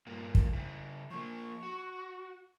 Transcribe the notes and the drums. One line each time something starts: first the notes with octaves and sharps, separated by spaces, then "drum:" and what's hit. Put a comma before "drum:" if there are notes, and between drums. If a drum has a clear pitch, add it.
G2 A#2 A#3
drum: kick
C#3 E4
F3 A#3 C#6
F#4